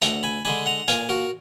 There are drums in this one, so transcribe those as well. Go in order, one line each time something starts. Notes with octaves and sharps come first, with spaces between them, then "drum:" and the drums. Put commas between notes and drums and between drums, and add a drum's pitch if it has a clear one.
D2 F#5 A#5, drum: hi-hat
G#5 B5
D3 G#3 D4 G#5 B5
F#5 A#5
A#2 F5 G#5, drum: hi-hat
F#4 A#4